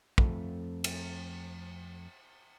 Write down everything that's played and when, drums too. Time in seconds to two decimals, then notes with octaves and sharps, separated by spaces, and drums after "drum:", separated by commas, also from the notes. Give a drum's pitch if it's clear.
0.18 F2 A3, drum: kick
0.84 drum: cymbal